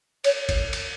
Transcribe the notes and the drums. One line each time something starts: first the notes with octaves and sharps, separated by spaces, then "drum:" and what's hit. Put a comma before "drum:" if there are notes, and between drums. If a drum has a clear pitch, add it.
C#5, drum: cymbal
drum: kick G#1, cymbal
drum: cymbal